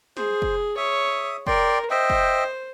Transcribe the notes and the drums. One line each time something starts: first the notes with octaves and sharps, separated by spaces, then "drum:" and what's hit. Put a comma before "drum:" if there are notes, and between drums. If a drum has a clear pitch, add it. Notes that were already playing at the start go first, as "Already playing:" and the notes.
G#4 C5, drum: snare
drum: kick
C#5 E5 D#6
A#4 D5 G5 C6, drum: kick
C5 D#5 E5 G5
drum: kick